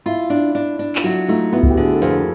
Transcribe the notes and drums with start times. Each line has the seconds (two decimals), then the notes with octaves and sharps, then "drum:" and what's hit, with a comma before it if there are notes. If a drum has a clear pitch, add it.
0.06 E4 F4
0.30 D4
0.55 D4
0.79 D4
0.96 F4, drum: clap
1.04 F#3 E4 F#4
1.28 A3 D#4 F4
1.52 B3 E4 F#4
1.63 F#4, drum: kick C2
1.70 G4
1.77 D3 F#4 G#4
1.93 A4
2.01 F2 G#4 A#4